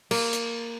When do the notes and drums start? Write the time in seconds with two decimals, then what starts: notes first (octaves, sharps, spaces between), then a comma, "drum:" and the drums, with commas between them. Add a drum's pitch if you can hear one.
0.11 A#3, drum: cymbal
0.33 drum: hi-hat